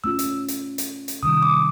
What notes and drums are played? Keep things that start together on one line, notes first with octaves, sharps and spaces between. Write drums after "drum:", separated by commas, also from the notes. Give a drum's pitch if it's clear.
A3 C#4 F4 E6
drum: hi-hat
drum: hi-hat
drum: hi-hat
drum: hi-hat
C3 D#3 G3 D#6
D6